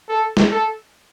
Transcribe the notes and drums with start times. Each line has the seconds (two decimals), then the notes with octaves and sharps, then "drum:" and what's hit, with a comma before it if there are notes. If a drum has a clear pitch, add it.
0.09 A4
0.37 drum: snare
0.51 A4